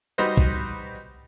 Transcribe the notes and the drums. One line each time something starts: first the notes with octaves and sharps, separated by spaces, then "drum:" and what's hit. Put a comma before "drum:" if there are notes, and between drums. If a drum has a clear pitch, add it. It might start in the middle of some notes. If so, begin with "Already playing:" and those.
G3 D#4 F#4 B4 C5 D#5
drum: kick